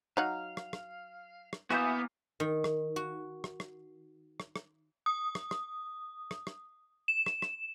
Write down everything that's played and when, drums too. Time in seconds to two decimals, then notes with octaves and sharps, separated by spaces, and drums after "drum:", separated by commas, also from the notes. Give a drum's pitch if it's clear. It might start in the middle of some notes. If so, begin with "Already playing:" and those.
0.17 F#3 D#4 F5 F#5
0.57 drum: rim click
0.73 drum: rim click
1.53 drum: rim click
1.70 E3 A#3 B3 F#4 E5 G6, drum: rim click
2.40 D#3
2.64 drum: rim click
2.96 F#4
3.44 drum: rim click
3.60 drum: rim click
4.40 drum: rim click
4.56 drum: rim click
5.06 D#6
5.35 drum: rim click
5.51 drum: rim click
6.31 drum: rim click
6.47 drum: rim click
7.08 E7
7.26 drum: rim click
7.42 drum: rim click